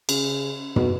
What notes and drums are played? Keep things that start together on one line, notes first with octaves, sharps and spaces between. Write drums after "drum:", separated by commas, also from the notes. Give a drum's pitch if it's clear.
C#3, drum: cymbal
B2, drum: tom